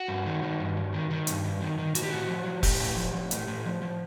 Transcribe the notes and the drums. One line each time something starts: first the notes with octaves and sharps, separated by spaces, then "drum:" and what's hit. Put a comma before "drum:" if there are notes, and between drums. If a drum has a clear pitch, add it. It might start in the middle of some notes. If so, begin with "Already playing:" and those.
Already playing: F#4
G2
D#3
D#3
G2
G2
D#3
D#3
G2, drum: hi-hat
G2
D#3
D#3
A2 F#4, drum: hi-hat
G4
A2 F#4
F3
F3
A2 G4, drum: kick E1, open hi-hat
A2
F3
F3
A2, drum: hi-hat
A2
F3
F3